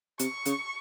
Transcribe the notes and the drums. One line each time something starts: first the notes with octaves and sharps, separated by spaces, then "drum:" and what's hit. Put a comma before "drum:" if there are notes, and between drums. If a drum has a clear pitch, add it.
C3 C#6, drum: hi-hat
C#3, drum: hi-hat